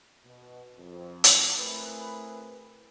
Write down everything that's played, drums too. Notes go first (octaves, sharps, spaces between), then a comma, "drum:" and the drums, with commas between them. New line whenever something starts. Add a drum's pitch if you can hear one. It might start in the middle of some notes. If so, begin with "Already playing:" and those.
B2
F2
drum: hi-hat
A3 C4 E4 G#4 A#4 B4